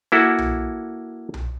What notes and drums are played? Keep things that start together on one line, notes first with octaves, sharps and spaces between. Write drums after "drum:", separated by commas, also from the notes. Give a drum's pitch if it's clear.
A#3 E4 F#4 A4
drum: tom B1
drum: tom B1